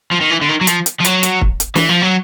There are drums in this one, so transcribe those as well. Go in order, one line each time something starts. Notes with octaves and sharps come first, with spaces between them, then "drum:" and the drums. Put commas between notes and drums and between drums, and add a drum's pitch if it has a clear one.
F3
D#3
E3
D3
D#3
F#3
F3, drum: hi-hat
drum: hi-hat
F3
F#3, drum: hi-hat
drum: hi-hat
drum: kick
drum: hi-hat
E3, drum: snare
F3
F#3